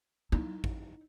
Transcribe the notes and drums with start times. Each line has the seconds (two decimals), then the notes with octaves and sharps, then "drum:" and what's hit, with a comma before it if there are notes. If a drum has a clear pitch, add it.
0.32 D#4 E4, drum: tom F#3
0.64 drum: kick